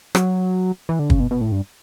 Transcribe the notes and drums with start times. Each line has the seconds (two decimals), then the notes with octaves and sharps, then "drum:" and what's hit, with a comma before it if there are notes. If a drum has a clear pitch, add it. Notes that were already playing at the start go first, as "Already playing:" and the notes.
0.15 F#3, drum: rim click
0.89 E3
0.99 D3
1.10 C#3, drum: kick
1.20 B2
1.31 B2
1.41 A2
1.52 G2